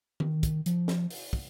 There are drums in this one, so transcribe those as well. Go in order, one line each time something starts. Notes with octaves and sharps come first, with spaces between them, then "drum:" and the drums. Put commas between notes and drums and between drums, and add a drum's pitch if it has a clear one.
D#3, drum: tom D#3
drum: kick, hi-hat
F3, drum: hi-hat
drum: snare
drum: open hi-hat
drum: kick